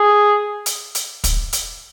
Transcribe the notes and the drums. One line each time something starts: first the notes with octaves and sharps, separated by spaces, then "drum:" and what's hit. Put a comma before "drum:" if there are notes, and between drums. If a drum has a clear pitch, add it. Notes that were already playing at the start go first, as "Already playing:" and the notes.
Already playing: G#4
drum: hi-hat
drum: hi-hat
drum: kick, hi-hat
drum: hi-hat